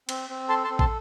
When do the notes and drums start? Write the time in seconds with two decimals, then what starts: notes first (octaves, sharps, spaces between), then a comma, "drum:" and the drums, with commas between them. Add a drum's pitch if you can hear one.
0.09 C4, drum: cymbal
0.29 C4
0.49 A4 A5 C6
0.64 A5 C6
0.70 C4
0.79 A5 C6, drum: kick